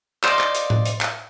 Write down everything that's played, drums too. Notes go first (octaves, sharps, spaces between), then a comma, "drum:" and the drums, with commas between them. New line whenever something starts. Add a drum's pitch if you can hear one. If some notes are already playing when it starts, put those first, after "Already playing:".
C5 D5 D#5 F5, drum: clap
drum: clap
drum: hi-hat
drum: tom A2
drum: hi-hat
drum: clap